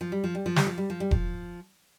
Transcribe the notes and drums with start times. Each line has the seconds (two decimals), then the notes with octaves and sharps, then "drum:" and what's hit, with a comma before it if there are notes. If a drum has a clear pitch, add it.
0.01 F3
0.12 G3
0.24 F3
0.35 G3
0.46 F3
0.56 G3, drum: snare
0.67 F3
0.78 G3
0.90 F3
1.00 G3
1.11 F3, drum: kick E1